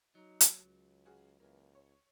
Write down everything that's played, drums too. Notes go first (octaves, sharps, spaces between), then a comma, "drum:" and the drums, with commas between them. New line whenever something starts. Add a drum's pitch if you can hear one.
F#3 D#4
drum: hi-hat
C#2
C#3 F#4 G#4
C#2 E3 A#3
C#5